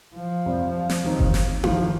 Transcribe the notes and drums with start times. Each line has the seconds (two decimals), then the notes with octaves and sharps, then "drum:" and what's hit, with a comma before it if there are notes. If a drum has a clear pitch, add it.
0.15 F3
0.46 F2 C3 G3
0.89 drum: snare
1.04 D#2 D#3 C4 D#4
1.19 drum: kick F#1
1.34 drum: snare
1.64 G1 G2 D#3 F3, drum: tom E4